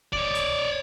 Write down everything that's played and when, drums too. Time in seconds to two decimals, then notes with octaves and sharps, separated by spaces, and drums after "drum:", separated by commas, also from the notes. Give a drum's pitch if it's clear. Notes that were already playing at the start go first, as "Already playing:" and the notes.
0.13 C#5 D5, drum: kick D2
0.35 drum: hi-hat